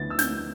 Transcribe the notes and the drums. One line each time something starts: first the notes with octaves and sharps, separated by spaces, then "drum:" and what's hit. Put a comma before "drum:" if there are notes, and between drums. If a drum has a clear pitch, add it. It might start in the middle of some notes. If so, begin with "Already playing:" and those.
Already playing: D2 D3 B3 E4 A6
E6
G6, drum: snare